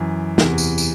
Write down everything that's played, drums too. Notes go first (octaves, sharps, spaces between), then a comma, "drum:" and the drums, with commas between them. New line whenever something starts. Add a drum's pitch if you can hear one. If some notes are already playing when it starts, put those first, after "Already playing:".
Already playing: F#2 E3
E2 C3 E3, drum: snare
drum: tambourine
drum: tambourine